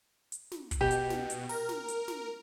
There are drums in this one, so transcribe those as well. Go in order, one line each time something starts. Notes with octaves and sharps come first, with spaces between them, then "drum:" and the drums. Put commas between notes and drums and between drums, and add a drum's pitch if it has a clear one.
drum: hi-hat
drum: snare
drum: kick, hi-hat
B2 G4
drum: hi-hat
drum: snare
drum: hi-hat
A#4, drum: open hi-hat
drum: snare
drum: hi-hat
drum: snare